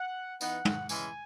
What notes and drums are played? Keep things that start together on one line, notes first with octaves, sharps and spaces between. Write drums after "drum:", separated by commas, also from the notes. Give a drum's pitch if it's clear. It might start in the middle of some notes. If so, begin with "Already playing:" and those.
Already playing: F#5
E3 B3 D#4 F#5, drum: tambourine
drum: tom
C#3 E3 G#3 C#4 G#5, drum: tambourine